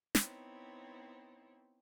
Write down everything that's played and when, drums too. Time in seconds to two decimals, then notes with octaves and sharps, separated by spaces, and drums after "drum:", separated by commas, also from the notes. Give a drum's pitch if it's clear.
0.15 B3 C4 D#4 E4 C#5, drum: snare